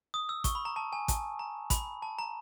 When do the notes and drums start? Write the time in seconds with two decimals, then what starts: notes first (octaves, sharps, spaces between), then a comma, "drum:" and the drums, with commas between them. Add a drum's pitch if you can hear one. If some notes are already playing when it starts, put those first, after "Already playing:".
0.14 D#6
0.29 E6
0.44 C#6, drum: kick A1, hi-hat
0.55 B5
0.65 A#5
0.76 A5
0.93 G#5
1.08 A5, drum: kick A1, hi-hat
1.39 A#5
1.70 B5, drum: kick A1, hi-hat
2.02 A5
2.19 A#5